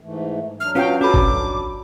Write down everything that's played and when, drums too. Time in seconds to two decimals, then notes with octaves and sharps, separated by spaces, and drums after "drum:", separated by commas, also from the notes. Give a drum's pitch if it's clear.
0.01 G#2 E3 A3
0.60 F#3 D4 F6
0.75 C#4 F4 F#4 B4 F5 G5
1.01 C#4 F#4 A4 B5 D6
1.14 drum: kick G1